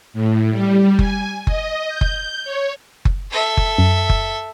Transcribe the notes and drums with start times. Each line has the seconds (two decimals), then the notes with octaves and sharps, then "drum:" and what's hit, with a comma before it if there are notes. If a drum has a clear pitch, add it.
0.14 A2
0.51 G3
0.99 G#5, drum: kick F#1
1.47 D#5, drum: kick F#1
1.88 G6
2.01 drum: kick F#1
2.45 C#5
3.05 drum: kick F#1
3.31 A4 E5
3.57 drum: kick F#1
3.78 F#2
4.10 drum: kick F#1